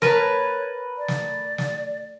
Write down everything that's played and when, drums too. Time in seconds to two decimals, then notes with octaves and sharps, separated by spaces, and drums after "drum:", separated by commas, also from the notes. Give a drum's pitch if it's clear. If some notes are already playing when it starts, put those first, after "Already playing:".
0.02 A#4 B4 C#5 A5, drum: snare
0.98 D5
1.08 drum: snare
1.58 drum: snare